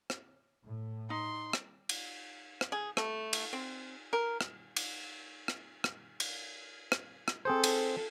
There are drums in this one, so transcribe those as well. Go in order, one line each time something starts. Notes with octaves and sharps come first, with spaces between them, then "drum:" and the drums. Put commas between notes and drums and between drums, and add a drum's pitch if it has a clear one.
drum: rim click
A2
D#4 C6
drum: rim click
drum: cymbal
drum: rim click
G#4
A3, drum: rim click
drum: cymbal
C4
A#4
drum: rim click
drum: cymbal
drum: rim click
drum: rim click
drum: cymbal
drum: rim click
drum: rim click
C4 G#4 A4 C5
drum: cymbal